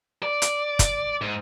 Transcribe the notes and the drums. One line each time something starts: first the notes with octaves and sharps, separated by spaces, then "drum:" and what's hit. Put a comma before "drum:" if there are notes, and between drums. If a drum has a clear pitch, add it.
D5
drum: hi-hat
drum: kick, hi-hat
G#2